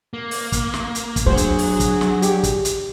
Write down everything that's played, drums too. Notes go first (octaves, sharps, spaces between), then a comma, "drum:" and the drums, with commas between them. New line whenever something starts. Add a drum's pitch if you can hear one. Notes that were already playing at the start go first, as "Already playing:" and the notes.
A#3
drum: open hi-hat
drum: kick, hi-hat
drum: snare
drum: hi-hat
drum: kick, hi-hat
F#3 D4 G#4 C5
drum: hi-hat
drum: open hi-hat
drum: kick, hi-hat
drum: snare
G4, drum: hi-hat
drum: kick, hi-hat
drum: hi-hat